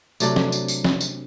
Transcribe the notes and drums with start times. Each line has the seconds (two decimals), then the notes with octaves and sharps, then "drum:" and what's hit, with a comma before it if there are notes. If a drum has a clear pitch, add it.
0.20 C3 F#3 A3 D4, drum: tambourine
0.36 drum: snare
0.52 drum: tambourine
0.68 drum: tambourine
0.84 drum: snare
1.01 drum: tambourine